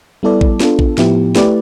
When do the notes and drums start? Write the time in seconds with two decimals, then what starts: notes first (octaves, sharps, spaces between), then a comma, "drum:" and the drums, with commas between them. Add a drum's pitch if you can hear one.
0.23 G3 B3 E4 A4 D5
0.41 drum: kick A1
0.60 B3 D4 F4 A4, drum: snare
0.79 drum: kick A1
0.98 A2 F3 B3 E4 G4, drum: snare
1.35 A3 E4 G4 B4 D5, drum: snare